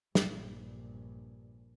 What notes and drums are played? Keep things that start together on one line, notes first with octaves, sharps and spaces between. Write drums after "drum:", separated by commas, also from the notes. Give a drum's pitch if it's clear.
A#1 G2, drum: snare